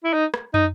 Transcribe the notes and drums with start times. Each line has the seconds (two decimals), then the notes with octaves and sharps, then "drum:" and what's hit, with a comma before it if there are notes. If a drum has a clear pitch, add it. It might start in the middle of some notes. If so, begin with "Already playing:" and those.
0.04 E4
0.13 D#4
0.34 drum: rim click
0.54 D#4, drum: tom